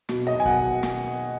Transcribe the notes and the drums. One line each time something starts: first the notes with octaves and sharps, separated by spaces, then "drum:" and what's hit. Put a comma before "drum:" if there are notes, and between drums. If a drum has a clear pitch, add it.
B2, drum: snare
D#5
B2 G#5
F#5, drum: kick
drum: snare